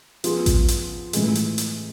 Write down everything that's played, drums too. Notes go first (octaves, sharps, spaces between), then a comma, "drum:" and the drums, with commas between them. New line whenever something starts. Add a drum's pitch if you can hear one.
F3 B3 F4 G#4, drum: hi-hat
drum: kick A1, hi-hat
drum: hi-hat
A2 E3 G#3, drum: hi-hat
drum: hi-hat
drum: hi-hat